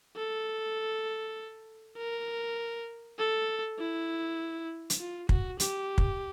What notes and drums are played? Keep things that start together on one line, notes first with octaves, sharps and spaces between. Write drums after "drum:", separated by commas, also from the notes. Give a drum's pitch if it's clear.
A4
A#4
A4
E4
drum: hi-hat
F4
F#4, drum: kick
G4, drum: hi-hat
drum: kick